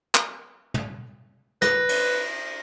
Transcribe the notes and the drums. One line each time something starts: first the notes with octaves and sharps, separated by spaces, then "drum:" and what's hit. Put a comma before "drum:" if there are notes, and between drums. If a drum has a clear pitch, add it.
drum: clap
drum: tom
B4 A#6, drum: snare
drum: cymbal